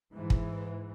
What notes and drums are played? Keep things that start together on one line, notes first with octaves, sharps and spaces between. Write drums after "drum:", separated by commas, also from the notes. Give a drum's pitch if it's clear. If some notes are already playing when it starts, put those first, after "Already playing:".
G#2 E3
drum: kick